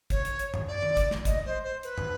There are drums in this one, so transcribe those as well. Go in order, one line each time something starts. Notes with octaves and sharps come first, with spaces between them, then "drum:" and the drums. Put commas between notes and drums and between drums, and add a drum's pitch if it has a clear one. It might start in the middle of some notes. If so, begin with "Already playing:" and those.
C#5, drum: kick, hi-hat
drum: hi-hat
drum: hi-hat
drum: tom
D5
drum: tom D#3
drum: kick, hi-hat
drum: snare
D#5, drum: kick, hi-hat
C5
C5
B4, drum: hi-hat
drum: tom